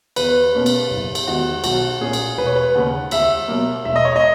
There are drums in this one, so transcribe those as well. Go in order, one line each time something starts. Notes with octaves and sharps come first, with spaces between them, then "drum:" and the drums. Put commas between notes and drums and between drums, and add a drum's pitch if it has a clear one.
E2 B4, drum: cymbal
B2 A#3 C#4
drum: cymbal
F#1
drum: cymbal
E2 D#3 G#3 F#4
B1 F#4, drum: cymbal
A#2 A#3 C#4 G#4
drum: cymbal
E1 B4
C#5
B4
D#2 C#3 F#5
C#2 E5, drum: cymbal
B2 F#3 A#3
E1 E5
D#5
C#5
D#5